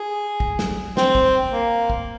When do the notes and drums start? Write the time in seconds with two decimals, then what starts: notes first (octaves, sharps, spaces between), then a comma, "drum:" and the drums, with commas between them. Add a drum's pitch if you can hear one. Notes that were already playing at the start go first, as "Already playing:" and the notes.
Already playing: G#4
0.40 drum: kick
0.59 drum: snare
0.97 C4, drum: snare
1.15 drum: kick
1.52 A#3
1.90 drum: kick